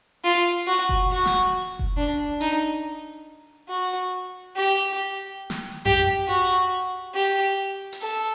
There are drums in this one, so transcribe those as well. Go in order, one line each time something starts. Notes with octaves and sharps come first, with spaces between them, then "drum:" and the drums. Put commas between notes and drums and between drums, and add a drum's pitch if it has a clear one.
F4
F#4
drum: kick F1
F#4
drum: snare
drum: kick F1
D4
D#4, drum: hi-hat
F#4
G4
drum: snare
G4, drum: tom F2
F#4
G4
drum: hi-hat
A4